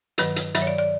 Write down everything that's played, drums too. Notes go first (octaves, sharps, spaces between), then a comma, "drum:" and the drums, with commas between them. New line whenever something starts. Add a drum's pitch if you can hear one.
G2 D#3 F#3 B4, drum: hi-hat
drum: hi-hat
G2 D#3 F#3 E5, drum: hi-hat
C#5
D5
D5